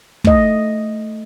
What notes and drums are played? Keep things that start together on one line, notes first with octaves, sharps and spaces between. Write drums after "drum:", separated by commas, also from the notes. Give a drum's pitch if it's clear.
A3 D#5, drum: kick